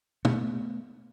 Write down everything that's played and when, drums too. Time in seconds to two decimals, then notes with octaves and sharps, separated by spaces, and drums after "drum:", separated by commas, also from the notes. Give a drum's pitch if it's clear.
0.25 A3 B3, drum: tom